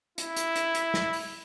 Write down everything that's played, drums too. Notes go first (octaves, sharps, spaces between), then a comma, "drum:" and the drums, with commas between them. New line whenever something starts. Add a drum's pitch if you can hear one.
E4, drum: hi-hat
drum: hi-hat
drum: hi-hat
drum: hi-hat
drum: snare
drum: open hi-hat